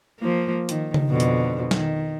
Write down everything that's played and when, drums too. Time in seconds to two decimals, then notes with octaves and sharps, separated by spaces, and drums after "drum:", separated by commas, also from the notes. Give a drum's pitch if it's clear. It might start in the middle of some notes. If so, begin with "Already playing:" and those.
0.20 F3 A#3
0.69 D#3, drum: hi-hat
0.94 drum: tom C#3
1.11 F2 B2 D3
1.20 drum: hi-hat
1.71 D#3, drum: snare